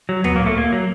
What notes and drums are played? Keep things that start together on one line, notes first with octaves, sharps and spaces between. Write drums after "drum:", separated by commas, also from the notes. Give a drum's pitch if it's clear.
F#3
F#3 B3, drum: tom D2
A#2 A#3
A3
A#2 A#3
F#3